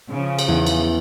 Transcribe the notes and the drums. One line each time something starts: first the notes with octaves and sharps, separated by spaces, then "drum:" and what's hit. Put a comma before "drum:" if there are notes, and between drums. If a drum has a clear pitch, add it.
C#3 F3
drum: cymbal
E2
drum: cymbal